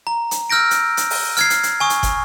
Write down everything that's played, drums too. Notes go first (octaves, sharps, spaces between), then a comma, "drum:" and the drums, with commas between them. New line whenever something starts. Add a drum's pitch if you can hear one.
A#5
drum: hi-hat
E6 F6 G6 A#6 D7
drum: hi-hat
drum: hi-hat
drum: open hi-hat
F6 G#6 C7, drum: hi-hat
drum: hi-hat
drum: hi-hat
G#5 C#6 D#6
drum: hi-hat
drum: kick, hi-hat